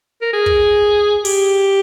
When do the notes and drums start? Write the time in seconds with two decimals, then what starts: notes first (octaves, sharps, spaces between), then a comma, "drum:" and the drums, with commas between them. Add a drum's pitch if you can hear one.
0.22 A#4
0.33 G#4
0.46 drum: kick
1.25 G4, drum: open hi-hat